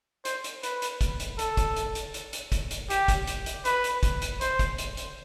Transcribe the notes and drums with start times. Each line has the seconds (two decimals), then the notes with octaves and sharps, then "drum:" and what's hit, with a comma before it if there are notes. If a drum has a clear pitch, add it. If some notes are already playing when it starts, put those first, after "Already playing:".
0.25 C5, drum: hi-hat
0.44 drum: hi-hat
0.63 B4, drum: hi-hat
0.82 drum: hi-hat
1.01 drum: kick, hi-hat
1.20 drum: hi-hat
1.39 A4, drum: hi-hat
1.57 drum: kick, hi-hat
1.76 drum: hi-hat
1.95 drum: hi-hat
2.14 drum: hi-hat
2.33 drum: hi-hat
2.52 drum: kick, hi-hat
2.71 drum: hi-hat
2.90 G4, drum: hi-hat
3.08 drum: kick, hi-hat
3.27 drum: hi-hat
3.46 drum: hi-hat
3.65 B4, drum: hi-hat
3.84 drum: hi-hat
4.03 drum: kick, hi-hat
4.22 drum: hi-hat
4.41 C5, drum: hi-hat
4.59 drum: kick, hi-hat
4.78 drum: hi-hat
4.97 drum: hi-hat